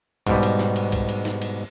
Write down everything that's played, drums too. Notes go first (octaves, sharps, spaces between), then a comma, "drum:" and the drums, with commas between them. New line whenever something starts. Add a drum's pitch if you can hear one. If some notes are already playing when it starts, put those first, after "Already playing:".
G#2 B2 G3, drum: kick B1, cymbal
drum: cymbal
drum: snare
drum: cymbal
drum: kick B1, cymbal
drum: cymbal
drum: snare
drum: cymbal